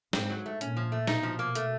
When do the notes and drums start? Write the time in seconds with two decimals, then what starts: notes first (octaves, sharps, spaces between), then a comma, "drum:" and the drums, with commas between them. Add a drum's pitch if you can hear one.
0.13 G#2 C4, drum: snare
0.30 F#3
0.46 A3
0.61 A#2 C#4, drum: hi-hat
0.77 F3
0.92 A3
1.07 B2 D#4, drum: snare
1.23 F3
1.39 A#3
1.55 A3, drum: hi-hat